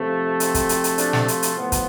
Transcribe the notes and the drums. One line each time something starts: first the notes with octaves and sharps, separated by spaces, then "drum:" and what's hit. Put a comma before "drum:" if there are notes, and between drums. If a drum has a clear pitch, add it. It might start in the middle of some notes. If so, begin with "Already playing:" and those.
Already playing: C3 F3 A3
C4, drum: hi-hat
drum: kick, hi-hat
drum: hi-hat
drum: hi-hat
D4, drum: hi-hat
drum: snare
F4, drum: hi-hat
drum: hi-hat
A2 F3 B3
drum: kick, hi-hat